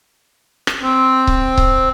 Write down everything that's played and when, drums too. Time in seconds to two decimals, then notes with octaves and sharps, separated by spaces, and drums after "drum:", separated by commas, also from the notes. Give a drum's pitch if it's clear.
0.67 drum: rim click
0.82 C4
1.27 drum: kick C#1
1.58 drum: kick C#1